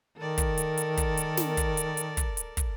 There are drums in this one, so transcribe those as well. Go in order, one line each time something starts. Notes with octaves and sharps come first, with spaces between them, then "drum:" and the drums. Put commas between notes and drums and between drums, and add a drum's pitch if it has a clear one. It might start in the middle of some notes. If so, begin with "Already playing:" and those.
D#3 A4 A#4 D5
drum: kick, hi-hat
drum: hi-hat
drum: hi-hat
drum: kick, hi-hat
drum: hi-hat
drum: snare
drum: kick, hi-hat
drum: hi-hat
drum: hi-hat
drum: kick, hi-hat
drum: hi-hat
drum: kick, hi-hat